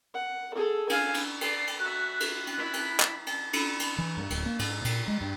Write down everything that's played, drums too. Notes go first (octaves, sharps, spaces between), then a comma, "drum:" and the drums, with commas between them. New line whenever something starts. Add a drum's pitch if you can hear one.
F#5
G#4 A4
F5 G#5, drum: cymbal
drum: cymbal
D5 C7, drum: cymbal
drum: cymbal
F#4 E5 F#6
drum: cymbal
drum: cymbal
E4 B5
drum: cymbal
drum: clap
drum: cymbal
drum: cymbal
drum: cymbal
E3
G2
D1, drum: cymbal
A#3
G#2, drum: cymbal
A#2, drum: cymbal
G#3
G2